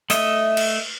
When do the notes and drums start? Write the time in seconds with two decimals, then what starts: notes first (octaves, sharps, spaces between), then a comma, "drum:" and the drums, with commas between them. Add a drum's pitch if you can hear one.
0.10 A3 D#5 E5, drum: hi-hat
0.57 drum: cymbal